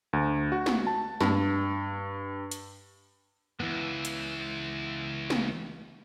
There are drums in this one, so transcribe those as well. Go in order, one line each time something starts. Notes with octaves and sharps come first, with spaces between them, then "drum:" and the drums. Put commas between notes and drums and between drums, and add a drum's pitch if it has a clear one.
D2
F#4
drum: snare
A5
G2, drum: snare
drum: hi-hat
C#2 G2 E3 B3
drum: hi-hat
drum: snare